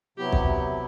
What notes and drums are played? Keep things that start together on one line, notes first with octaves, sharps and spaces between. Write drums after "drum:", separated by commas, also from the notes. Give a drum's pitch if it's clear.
C3 F#3 B3 E4 G4
drum: kick B1